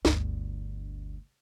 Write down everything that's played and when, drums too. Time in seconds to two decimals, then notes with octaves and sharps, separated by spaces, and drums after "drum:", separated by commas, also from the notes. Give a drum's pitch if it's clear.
0.05 G1 D2, drum: snare